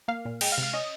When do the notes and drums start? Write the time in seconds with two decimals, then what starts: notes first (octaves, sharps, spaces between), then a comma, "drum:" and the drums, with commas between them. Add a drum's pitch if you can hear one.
0.08 A#3 F5
0.25 A#2
0.41 G#3 G5, drum: cymbal
0.52 F5
0.58 C3
0.63 F5
0.73 C#4 D#5